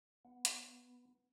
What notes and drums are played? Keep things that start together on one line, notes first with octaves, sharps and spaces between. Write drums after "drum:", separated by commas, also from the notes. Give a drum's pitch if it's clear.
B3
drum: hi-hat